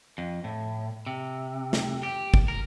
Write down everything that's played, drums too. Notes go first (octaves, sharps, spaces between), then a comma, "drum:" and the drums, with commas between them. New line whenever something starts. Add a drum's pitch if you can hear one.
F2
A2
C3
drum: snare
G4
drum: kick
A#4